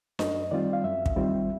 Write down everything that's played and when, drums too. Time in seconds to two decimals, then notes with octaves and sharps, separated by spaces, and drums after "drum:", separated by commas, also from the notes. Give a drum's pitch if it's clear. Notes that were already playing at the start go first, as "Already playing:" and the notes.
0.19 F#2 D#5, drum: snare D4
0.51 D#3 G3 C4 F4 D5
0.73 F5
0.84 F#2 E5
1.06 drum: kick
1.16 D#3 G3 C4 F4